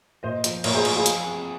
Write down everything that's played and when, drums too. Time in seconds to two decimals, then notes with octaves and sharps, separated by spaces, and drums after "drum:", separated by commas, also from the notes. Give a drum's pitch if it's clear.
0.23 A#2 C5 D#5
0.44 F3, drum: hi-hat
0.64 A#2 A#4 C#5, drum: cymbal
0.74 G#4 C5
0.85 F3, drum: cymbal
0.96 F4 G#4
1.06 F3, drum: hi-hat
1.26 C3